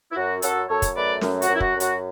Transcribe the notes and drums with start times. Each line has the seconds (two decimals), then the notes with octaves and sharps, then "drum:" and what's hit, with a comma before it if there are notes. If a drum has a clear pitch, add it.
0.11 E4
0.16 F#2 F#4
0.42 F#2 F#4 A4, drum: hi-hat
0.68 F#2 A4 C#5
0.82 drum: kick, hi-hat
0.95 A3 B4 D5
1.21 F#2, drum: snare
1.42 F#4, drum: hi-hat
1.48 F#2
1.54 E4
1.60 F#4, drum: kick
1.74 F#2
1.80 F#4, drum: hi-hat